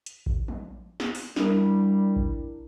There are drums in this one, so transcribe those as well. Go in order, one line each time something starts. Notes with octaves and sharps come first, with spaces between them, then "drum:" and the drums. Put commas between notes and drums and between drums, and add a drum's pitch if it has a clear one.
drum: hi-hat
drum: kick A1
drum: tom F3
drum: snare
drum: open hi-hat
G3 D4 E4 A#4, drum: snare
drum: kick A1